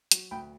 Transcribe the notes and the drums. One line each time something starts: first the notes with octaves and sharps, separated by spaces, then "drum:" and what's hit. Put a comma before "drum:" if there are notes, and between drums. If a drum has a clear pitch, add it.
F#3, drum: hi-hat
D2 G5 B5